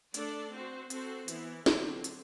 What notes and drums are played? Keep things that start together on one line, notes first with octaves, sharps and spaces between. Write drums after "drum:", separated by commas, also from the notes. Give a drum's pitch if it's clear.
A3 D4 A4 D5, drum: hi-hat
C4 F#4 C5
C4 F#4 A4 C5, drum: hi-hat
E3 B3 E4, drum: hi-hat
D3 F#3 C4, drum: snare
drum: hi-hat